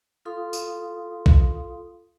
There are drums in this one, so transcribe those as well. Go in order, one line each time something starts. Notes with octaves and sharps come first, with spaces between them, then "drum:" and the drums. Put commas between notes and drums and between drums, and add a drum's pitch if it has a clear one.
F4 A4 F5 C6 D#6
drum: tambourine
drum: kick B1